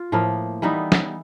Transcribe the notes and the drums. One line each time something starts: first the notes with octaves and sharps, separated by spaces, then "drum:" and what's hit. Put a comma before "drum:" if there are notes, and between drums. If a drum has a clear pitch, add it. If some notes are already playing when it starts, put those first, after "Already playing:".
Already playing: F4
A2 F3 A#3
E3 G3 B3 D#4
drum: snare